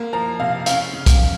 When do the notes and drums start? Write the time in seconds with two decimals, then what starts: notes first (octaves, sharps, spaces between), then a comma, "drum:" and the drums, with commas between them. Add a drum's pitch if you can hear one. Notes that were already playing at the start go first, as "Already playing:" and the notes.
Already playing: A#3
0.13 F3 A#5
0.40 C3 F5
0.66 C#4 F5, drum: hi-hat
0.93 C#3
1.06 drum: kick, hi-hat